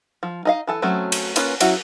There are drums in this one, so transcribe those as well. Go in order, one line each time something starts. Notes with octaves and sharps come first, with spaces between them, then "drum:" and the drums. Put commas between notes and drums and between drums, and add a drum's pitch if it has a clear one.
F3
D#4 D#5 F5
E3 A4 G#5
F#3 A3 C4 C#4
drum: cymbal
A#3 C#4 F4 B4 C#5, drum: cymbal
F#3 C#4 E4 F#4, drum: cymbal